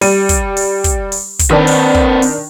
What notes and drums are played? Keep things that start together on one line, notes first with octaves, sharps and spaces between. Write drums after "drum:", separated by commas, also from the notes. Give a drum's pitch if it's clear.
G3 D#7, drum: open hi-hat
drum: kick, hi-hat
drum: open hi-hat
drum: kick, hi-hat
drum: open hi-hat
drum: kick, hi-hat
D#3 C4 D4 B4
drum: open hi-hat
drum: kick
drum: open hi-hat